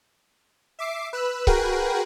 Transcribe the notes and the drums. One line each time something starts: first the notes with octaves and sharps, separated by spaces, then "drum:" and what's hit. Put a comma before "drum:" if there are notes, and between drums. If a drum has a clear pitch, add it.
E5 D6 C7
B4 E6 F#6
F#4 G#4 A#4 B4 F#5 G5, drum: kick C#1